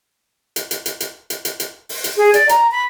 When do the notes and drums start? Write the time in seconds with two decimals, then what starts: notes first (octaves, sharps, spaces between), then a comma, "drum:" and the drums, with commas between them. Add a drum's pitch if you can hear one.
0.56 drum: hi-hat
0.71 drum: hi-hat
0.86 drum: hi-hat
1.00 drum: hi-hat
1.30 drum: hi-hat
1.45 drum: hi-hat
1.60 drum: hi-hat
1.89 drum: open hi-hat
2.04 drum: hi-hat
2.17 G#4
2.34 D5, drum: hi-hat
2.49 A#5, drum: hi-hat
2.71 B5